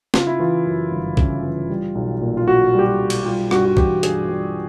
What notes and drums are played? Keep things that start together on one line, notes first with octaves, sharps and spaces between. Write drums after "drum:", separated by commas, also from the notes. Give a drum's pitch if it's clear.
C#3 F4, drum: snare
E4
E3 F4
F#2
G1
C#3, drum: kick
E3
G3
B1
A#2
F4
B1 F#4
G3
G4
F#4
B1
drum: cymbal
G3 F4
G2 F#4, drum: rim click
F#4
E3 G4, drum: kick
G2 G#4, drum: hi-hat
G3